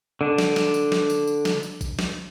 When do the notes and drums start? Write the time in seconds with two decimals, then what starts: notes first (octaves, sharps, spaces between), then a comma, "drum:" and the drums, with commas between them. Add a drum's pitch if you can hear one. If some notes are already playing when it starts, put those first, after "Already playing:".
0.21 D3 D4
0.38 drum: snare
0.56 drum: snare
0.74 drum: tambourine
0.92 drum: snare
1.10 drum: tambourine
1.27 drum: tambourine
1.45 drum: snare
1.63 drum: tambourine
1.81 drum: kick A#1, tambourine
1.99 drum: snare